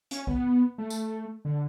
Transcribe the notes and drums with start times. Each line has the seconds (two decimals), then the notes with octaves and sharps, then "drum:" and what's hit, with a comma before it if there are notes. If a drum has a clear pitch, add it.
0.11 C#4, drum: hi-hat
0.27 B3, drum: kick B1
0.78 A3
0.90 drum: tambourine
1.45 D3